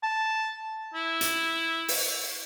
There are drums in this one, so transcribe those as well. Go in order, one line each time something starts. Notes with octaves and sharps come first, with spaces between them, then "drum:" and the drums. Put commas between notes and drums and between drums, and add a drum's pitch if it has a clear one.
A5
E4
drum: hi-hat
drum: open hi-hat